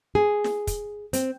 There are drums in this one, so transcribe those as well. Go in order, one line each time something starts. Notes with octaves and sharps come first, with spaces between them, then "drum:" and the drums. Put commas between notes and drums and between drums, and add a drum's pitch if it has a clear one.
G#4
drum: snare
drum: kick, hi-hat
C4, drum: hi-hat